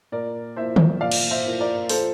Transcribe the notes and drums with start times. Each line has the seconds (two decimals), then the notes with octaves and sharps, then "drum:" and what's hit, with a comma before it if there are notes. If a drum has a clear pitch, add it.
0.12 A#2 A#4 D5
0.56 F3 A#3 E4 C5 E5
0.76 drum: tom
1.01 A#2 D5 F5
1.12 drum: cymbal
1.31 C5 E5
1.45 F3 A#3 E4
1.60 A#4 D5
1.89 F3 A4 C5, drum: open hi-hat